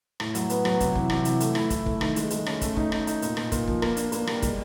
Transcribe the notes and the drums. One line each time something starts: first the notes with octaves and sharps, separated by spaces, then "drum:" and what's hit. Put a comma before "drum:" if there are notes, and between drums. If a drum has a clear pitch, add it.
A2, drum: rim click
F#3, drum: hi-hat
B3, drum: hi-hat
F#3, drum: rim click
C3, drum: kick, hi-hat
E3, drum: kick
C3, drum: rim click
E3, drum: hi-hat
A3, drum: hi-hat
E4, drum: rim click
E4, drum: kick, hi-hat
A3, drum: kick
D#3, drum: rim click
G#3, drum: hi-hat
G#3, drum: hi-hat
C#4, drum: rim click
A3, drum: kick, hi-hat
D#4, drum: kick
D#4, drum: rim click
D#4, drum: hi-hat
A#2, drum: hi-hat
A#2, drum: rim click
A#2, drum: kick, hi-hat
F3, drum: kick
A#3, drum: rim click
D4, drum: hi-hat
A#3, drum: hi-hat
G3, drum: rim click
G#3, drum: kick, hi-hat